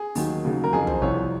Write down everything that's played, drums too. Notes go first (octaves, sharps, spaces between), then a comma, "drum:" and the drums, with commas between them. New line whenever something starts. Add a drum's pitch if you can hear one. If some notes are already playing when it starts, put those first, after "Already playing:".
Already playing: G#4
D#2 D#3 F#3, drum: open hi-hat
D#2 C#3 F#3
A#4
F2 C#3 F3 G#4
C5, drum: tom
C2 C3 F3 C#5